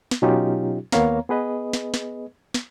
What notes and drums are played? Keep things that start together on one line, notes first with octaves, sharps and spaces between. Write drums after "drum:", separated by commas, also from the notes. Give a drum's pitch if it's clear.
drum: snare
B2 F#3 C#4 D#4 F4 G4
D#2 A#3 B3 C#5 F5 A#5, drum: snare
B3 G#4 B4 D#5
drum: snare
drum: snare
drum: snare